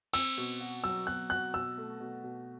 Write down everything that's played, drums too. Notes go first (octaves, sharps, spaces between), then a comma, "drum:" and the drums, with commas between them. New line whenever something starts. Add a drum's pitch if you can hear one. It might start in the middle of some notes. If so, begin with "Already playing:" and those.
C4 E6, drum: cymbal
B2
F#4
F#3 E6
B2 F#6
F#4 F#6
B2 E6
A3
B2
B2